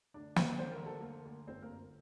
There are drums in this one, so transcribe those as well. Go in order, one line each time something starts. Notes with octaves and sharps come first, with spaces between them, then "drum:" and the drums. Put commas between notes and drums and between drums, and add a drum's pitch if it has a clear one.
D2 D4 D5
D2 C4 C5, drum: snare
D3 C5
A#4
D3 A4
D2 A#3 A#4
D2
G1 C4 C5
A#3 A#4
G1